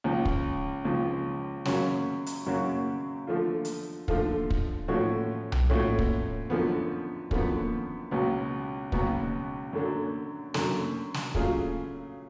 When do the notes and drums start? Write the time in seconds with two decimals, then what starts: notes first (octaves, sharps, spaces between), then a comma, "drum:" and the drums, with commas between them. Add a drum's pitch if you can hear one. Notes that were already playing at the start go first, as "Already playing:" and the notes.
0.04 C#2 C#3 F3
0.25 drum: kick
0.85 C#2 C#3 F3
1.65 F#2 C#3 F#3 C#4 F#4, drum: snare
2.26 drum: hi-hat
2.46 F#2 C#3 F#3 C#4 F#4
3.27 D3 F3 A3 F4
3.65 drum: hi-hat
4.08 D3 F3 A3 F4, drum: kick
4.50 drum: kick
4.88 A2 F3 A3 C#4 F#4
5.52 drum: tom B1
5.70 A2 F3 A3 C#4 F#4
5.99 drum: kick
6.50 F#2 D3 F3 B3
7.31 F#2 D3 F3 B3, drum: kick
8.11 C#2 B2 F#3 B3
8.92 C#2 B2 F#3 B3, drum: kick
9.73 F#2 D3 F#3
10.54 F#2 D3 F#3, drum: snare
11.14 drum: snare
11.35 C#3 F#3 A3 F4 G#4, drum: kick